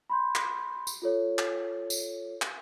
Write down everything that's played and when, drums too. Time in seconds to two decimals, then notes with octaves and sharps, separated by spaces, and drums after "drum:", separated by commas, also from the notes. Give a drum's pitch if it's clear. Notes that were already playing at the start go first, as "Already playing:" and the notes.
0.10 B5 C6 G6
0.35 drum: clap
0.87 drum: tambourine
1.02 F4 A4 C#5
1.39 drum: clap
1.90 drum: tambourine
2.42 drum: clap